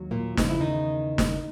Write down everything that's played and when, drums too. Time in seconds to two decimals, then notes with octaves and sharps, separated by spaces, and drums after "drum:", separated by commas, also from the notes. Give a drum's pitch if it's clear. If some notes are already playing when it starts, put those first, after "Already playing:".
Already playing: D#2 F#3
0.11 A#2 A#3
0.37 E2 C#3 F3 D#4, drum: snare
0.50 E4
0.61 D#3 D#4
1.18 drum: snare